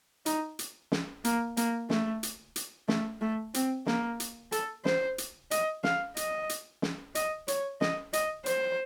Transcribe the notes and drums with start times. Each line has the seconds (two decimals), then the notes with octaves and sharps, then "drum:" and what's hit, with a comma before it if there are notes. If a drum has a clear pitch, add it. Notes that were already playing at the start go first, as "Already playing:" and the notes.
0.26 D#4, drum: hi-hat
0.59 drum: hi-hat
0.92 drum: snare
1.24 A#3, drum: hi-hat
1.57 A#3, drum: hi-hat
1.90 A3, drum: snare
2.23 drum: hi-hat
2.56 drum: hi-hat
2.88 A3, drum: snare
3.21 A3
3.54 C4, drum: hi-hat
3.86 A#3, drum: snare
4.20 drum: hi-hat
4.52 A4, drum: hi-hat
4.85 C5, drum: snare
5.18 drum: hi-hat
5.51 D#5, drum: hi-hat
5.84 F5, drum: snare
6.17 D#5, drum: hi-hat
6.49 drum: hi-hat
6.82 drum: snare
7.15 D#5, drum: hi-hat
7.48 C#5, drum: hi-hat
7.81 D#5, drum: snare
8.13 D#5, drum: hi-hat
8.46 C5, drum: hi-hat